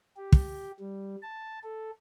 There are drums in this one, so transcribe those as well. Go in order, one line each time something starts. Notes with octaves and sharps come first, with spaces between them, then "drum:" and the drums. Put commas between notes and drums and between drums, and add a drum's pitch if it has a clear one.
G4
drum: kick
G3
A5
A4